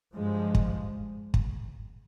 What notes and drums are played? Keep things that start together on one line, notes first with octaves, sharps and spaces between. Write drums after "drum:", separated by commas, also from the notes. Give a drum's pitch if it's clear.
G2 F3 G#3
drum: kick
drum: kick